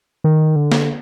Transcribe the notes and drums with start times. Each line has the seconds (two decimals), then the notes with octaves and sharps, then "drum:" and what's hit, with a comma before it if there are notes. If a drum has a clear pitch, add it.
0.24 D#3
0.56 D3
0.72 drum: snare